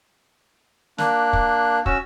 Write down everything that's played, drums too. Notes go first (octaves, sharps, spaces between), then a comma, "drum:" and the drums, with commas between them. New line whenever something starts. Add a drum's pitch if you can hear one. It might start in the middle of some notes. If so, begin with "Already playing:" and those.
A#3 D4 F#6, drum: snare
drum: kick
C#4 F#4 E6, drum: kick